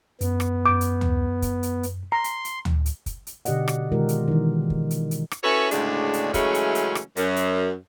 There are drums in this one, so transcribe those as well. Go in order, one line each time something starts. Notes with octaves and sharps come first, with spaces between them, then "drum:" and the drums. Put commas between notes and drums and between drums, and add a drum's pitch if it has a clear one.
F#2 B3, drum: hi-hat
drum: rim click
F#2 D6 G6
drum: hi-hat
drum: tom D2
drum: kick, hi-hat
drum: hi-hat
drum: hi-hat
A#5 C6
drum: hi-hat
drum: hi-hat
drum: tom D2
drum: hi-hat
drum: kick, hi-hat
drum: hi-hat
B2 D3 G4 D5 D#5 F#5, drum: hi-hat
drum: rim click
B2 D#3 G#3 F4 G4 A#4
drum: hi-hat
D#3 E3
drum: kick
drum: hi-hat
drum: hi-hat
drum: rim click
C#4 E4 F#4 A4 B4 C#5
D2 A2 C#3 G#3 D4, drum: hi-hat
drum: hi-hat
C#3 E3 F#3 G#3 A3 C#4, drum: kick, hi-hat
drum: hi-hat
drum: hi-hat
drum: rim click
F#2, drum: hi-hat
drum: hi-hat